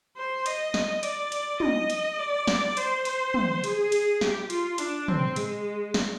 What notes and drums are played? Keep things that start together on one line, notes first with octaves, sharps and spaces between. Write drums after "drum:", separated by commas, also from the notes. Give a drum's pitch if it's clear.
C5
D#5, drum: hi-hat
drum: snare
D5, drum: hi-hat
drum: hi-hat
D#5, drum: tom
drum: hi-hat
D5
drum: snare
C5, drum: hi-hat
drum: hi-hat
drum: tom
G#4, drum: hi-hat
drum: hi-hat
G4, drum: snare
F4, drum: hi-hat
D4, drum: hi-hat
C4, drum: tom
G#3, drum: hi-hat
drum: snare